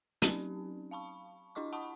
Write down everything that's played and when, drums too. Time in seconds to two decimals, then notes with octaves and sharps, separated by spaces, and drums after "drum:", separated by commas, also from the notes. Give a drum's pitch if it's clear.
0.22 F#3 C4 C#4 D#4 G4, drum: hi-hat
0.91 F5 A5 B5 C#6
1.55 D4 E4 D#5 C#6 D6
1.72 F#5 A5 B5 C#6 D#6